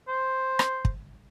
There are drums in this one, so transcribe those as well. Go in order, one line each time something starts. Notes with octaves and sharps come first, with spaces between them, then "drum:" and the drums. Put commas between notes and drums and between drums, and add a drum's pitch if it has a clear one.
C5
drum: rim click
drum: kick